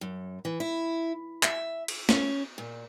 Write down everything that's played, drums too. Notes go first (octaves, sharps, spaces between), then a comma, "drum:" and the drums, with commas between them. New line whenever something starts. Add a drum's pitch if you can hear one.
F#2
E3
E4
E5, drum: clap
drum: cymbal
C#4, drum: snare
A#2